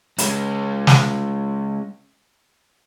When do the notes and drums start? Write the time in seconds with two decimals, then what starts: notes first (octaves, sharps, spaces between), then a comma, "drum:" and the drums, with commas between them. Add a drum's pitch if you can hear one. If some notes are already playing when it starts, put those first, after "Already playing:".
0.18 G#3 C#4, drum: hi-hat
0.87 drum: snare